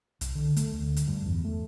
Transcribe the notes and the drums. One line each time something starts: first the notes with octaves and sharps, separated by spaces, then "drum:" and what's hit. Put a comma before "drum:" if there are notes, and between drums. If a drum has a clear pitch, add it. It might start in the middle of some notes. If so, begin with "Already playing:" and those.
C2, drum: hi-hat
D3
A3, drum: hi-hat
D2
drum: hi-hat
G2
E2
A3